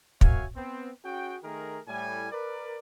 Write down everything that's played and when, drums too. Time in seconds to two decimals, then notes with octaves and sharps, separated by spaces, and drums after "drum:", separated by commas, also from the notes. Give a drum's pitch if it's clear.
0.21 A#3 F#4 C#5 E5 F5 G#5, drum: kick
0.56 B3 C4
1.05 C#4 F#4 G#4 G5
1.44 D#3 A3 G#4 A#4
1.88 A2 G3 G#5
2.32 A#4 B4 D5